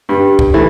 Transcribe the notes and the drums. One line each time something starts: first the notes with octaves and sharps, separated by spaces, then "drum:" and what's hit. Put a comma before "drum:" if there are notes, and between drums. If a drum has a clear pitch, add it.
G2 G4
drum: kick
E3 A3